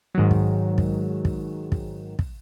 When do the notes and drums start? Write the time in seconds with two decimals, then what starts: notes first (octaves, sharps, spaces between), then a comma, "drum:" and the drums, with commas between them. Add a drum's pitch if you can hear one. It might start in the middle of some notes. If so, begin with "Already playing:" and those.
0.15 G#2 D#3 F#3
0.31 drum: kick
0.78 drum: kick
1.25 drum: kick
1.72 drum: kick
2.19 drum: kick